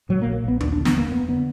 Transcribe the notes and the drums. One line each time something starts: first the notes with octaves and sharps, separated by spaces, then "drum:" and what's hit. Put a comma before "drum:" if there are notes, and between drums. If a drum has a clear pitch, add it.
A#2 F#3
A#3
A#1
A#1 B3
D#2 D4, drum: tom D#2
D4
D3
B3, drum: snare
F1 A#3
F2 B3
D3 B3